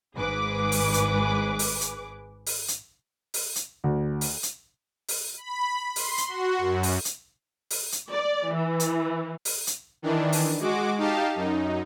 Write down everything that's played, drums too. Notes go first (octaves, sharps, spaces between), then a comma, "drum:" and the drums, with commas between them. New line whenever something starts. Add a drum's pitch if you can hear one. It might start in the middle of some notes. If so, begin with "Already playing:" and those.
G#1 G#2 G#4 B4 D6
drum: open hi-hat
drum: hi-hat
drum: open hi-hat
drum: hi-hat
drum: open hi-hat
drum: hi-hat
drum: open hi-hat
drum: hi-hat
D2
drum: open hi-hat
drum: hi-hat
drum: open hi-hat
B5
C6, drum: open hi-hat
drum: hi-hat
F#4
F#2
drum: open hi-hat
drum: hi-hat
drum: open hi-hat
drum: hi-hat
D5
E3
drum: hi-hat
drum: open hi-hat
drum: hi-hat
D#3 E3 D4
drum: open hi-hat
G#3 F#4 D6
D#4 G4 F5 A5
F#2 D#4